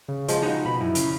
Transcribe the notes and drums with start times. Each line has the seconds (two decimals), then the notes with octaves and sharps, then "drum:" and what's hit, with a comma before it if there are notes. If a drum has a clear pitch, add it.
0.08 C#3
0.28 F3 G#3 F#4, drum: hi-hat
0.43 D#4 F#4 D#5
0.66 B2 B5
0.81 F#2 E4
0.95 C#3, drum: hi-hat